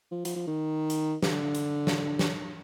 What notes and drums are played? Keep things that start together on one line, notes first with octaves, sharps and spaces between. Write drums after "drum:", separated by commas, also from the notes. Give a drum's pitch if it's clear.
F3
F3, drum: hi-hat
F3
D#3
drum: hi-hat
D3, drum: snare
drum: hi-hat
drum: snare
drum: snare